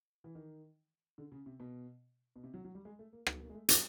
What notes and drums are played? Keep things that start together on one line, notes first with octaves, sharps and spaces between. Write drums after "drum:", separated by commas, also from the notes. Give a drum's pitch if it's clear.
E3
D#3
D3
C#3
C3
B2
B2
C3
F#3
F#3
G3
G#3
A3
A#3
B3, drum: rim click
A#3
G#3
A3
G3, drum: hi-hat